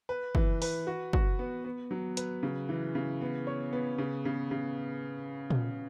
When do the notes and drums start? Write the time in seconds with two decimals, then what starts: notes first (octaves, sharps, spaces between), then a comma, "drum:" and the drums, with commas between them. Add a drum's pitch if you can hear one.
0.09 B4
0.35 E3, drum: kick
0.62 B4, drum: open hi-hat
0.87 F#4
1.13 F#4, drum: kick
1.39 B3
1.65 B3
1.91 F#3
2.17 B4, drum: hi-hat
2.43 C#3
2.69 E3
2.95 C#3
3.21 B3
3.47 C#5
3.73 B3
3.98 C#3
4.25 C#3
4.51 C#3
5.50 drum: tom A#2